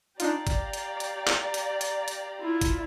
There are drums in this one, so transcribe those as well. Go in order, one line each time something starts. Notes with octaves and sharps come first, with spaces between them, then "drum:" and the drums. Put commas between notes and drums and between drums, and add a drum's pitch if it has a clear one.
D4 D#4 F4 G4 D5 F5 A#5, drum: hi-hat
drum: kick G1, hi-hat
drum: hi-hat
drum: hi-hat
drum: clap
drum: hi-hat
drum: hi-hat
drum: hi-hat
E4 F4
drum: kick G1, hi-hat